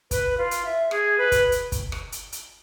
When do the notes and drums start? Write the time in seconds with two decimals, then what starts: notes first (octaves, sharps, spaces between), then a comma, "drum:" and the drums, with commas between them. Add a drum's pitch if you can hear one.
0.11 B4, drum: kick, hi-hat
0.38 F4
0.51 drum: hi-hat
0.65 E5
0.91 G#4, drum: rim click
1.18 B4
1.32 drum: kick, hi-hat
1.52 drum: hi-hat
1.72 drum: kick, hi-hat
1.92 drum: rim click
2.12 drum: hi-hat
2.32 drum: hi-hat